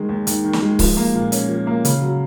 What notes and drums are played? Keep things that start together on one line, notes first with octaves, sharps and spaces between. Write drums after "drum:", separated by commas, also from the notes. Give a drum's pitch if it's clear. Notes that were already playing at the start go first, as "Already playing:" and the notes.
Already playing: D#3 G#3
D#2
D#2, drum: hi-hat
D#3
drum: snare
G#3
F3, drum: kick C#1, open hi-hat
A#3
A#2
C#4, drum: hi-hat
F3
A#3
C#3, drum: hi-hat
F#3